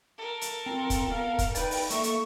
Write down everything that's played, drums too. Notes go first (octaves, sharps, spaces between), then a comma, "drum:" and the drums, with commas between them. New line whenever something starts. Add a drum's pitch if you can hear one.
A4 A#4
drum: hi-hat
C4 F4
drum: kick, hi-hat
B3 F5
drum: kick, hi-hat
D#4 B4 D5 G5, drum: hi-hat
drum: open hi-hat
A3 A#3 A4 E5 C#6, drum: hi-hat
drum: hi-hat